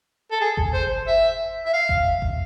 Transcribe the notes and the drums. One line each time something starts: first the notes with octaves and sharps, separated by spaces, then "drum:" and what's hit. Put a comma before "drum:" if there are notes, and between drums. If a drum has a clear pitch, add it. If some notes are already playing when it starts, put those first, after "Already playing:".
A4
G#4
drum: kick G1
C5
E5
E5
F5
drum: kick G1
drum: kick G1